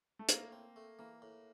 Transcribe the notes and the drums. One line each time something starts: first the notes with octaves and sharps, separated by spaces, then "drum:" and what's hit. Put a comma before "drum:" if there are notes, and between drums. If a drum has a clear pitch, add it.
A3
A2 A#3, drum: hi-hat
C4
A3
E3 A#3
A2